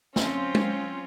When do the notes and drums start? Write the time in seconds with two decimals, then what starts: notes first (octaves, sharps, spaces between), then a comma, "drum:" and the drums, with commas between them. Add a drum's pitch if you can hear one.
0.16 F#3 C4 C#4 F4, drum: snare
0.55 drum: tom G#3